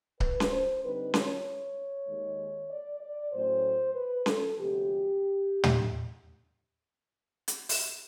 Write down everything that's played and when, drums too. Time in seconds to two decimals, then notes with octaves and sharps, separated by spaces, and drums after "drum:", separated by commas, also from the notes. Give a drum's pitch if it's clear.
0.20 B4, drum: kick C#1
0.40 drum: snare C#4
0.51 C5
0.82 D3 G3 C4 D#4 B4
1.14 C#5, drum: snare C#4
2.07 D#2 D#3 G#3
2.71 D5
3.01 D5
3.32 A2 F#3 A3 C#4 C5
3.94 B4
4.26 A4, drum: snare C#4
4.57 D2 C3 F3 G#3 B3 G4
5.64 drum: tom
7.48 drum: hi-hat
7.69 drum: open hi-hat